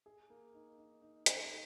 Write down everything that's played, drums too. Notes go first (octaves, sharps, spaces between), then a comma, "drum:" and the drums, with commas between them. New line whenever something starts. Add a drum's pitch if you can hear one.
G#4
A#3
D#4
D#4
D#4
D#4, drum: hi-hat
D#4